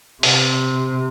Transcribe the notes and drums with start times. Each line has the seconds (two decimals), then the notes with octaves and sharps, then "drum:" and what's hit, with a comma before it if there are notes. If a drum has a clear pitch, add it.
0.23 C3, drum: open hi-hat